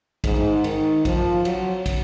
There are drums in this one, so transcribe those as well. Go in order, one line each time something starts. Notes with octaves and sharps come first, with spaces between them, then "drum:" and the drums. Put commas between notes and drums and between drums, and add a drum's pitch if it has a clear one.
G#2, drum: kick, cymbal
D#3, drum: cymbal
F3, drum: kick, cymbal
F#3, drum: cymbal
drum: kick, cymbal